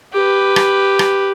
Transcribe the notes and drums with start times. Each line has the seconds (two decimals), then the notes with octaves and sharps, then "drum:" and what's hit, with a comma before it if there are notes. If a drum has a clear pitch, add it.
0.13 G4 B4
0.56 drum: rim click
0.99 drum: rim click